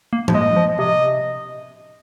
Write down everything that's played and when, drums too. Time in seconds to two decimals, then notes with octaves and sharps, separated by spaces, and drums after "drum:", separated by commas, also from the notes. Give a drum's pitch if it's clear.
0.13 A#3
0.28 F3, drum: tom A2
0.34 G#3 D#5
0.56 F3
0.79 C3 D#5